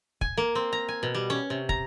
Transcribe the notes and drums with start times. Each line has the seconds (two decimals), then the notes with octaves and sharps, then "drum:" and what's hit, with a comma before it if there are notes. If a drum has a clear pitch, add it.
0.21 G#5, drum: kick
0.37 A#3
0.55 C4
0.73 A#5
0.89 G#5
1.03 B2
1.15 G3
1.30 C#4
1.50 C3
1.69 A#5, drum: kick